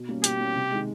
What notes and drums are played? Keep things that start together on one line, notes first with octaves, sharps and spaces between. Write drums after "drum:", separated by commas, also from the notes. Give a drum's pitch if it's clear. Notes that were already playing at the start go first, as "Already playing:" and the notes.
Already playing: B2
G3 A#3 C#4
B2 G4, drum: hi-hat
G3 A#3 C#4
C3
D#3 G#3